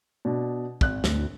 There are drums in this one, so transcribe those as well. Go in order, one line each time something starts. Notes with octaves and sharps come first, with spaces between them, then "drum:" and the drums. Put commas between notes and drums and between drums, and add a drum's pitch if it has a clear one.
B2 D4
G#1 F#6, drum: kick
D2, drum: snare